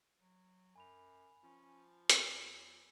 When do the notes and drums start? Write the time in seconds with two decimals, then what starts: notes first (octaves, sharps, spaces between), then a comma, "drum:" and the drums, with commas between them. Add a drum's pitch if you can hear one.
0.20 F#3
0.76 F#2 G#5 B5 F7
1.43 F3 C#4
2.10 E2 E6, drum: hi-hat